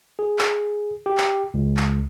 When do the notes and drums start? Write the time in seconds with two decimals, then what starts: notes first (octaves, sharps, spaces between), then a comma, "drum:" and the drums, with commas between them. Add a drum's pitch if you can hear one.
0.19 G#4
0.39 drum: clap
1.06 G4
1.18 drum: clap
1.54 C#2
1.77 drum: clap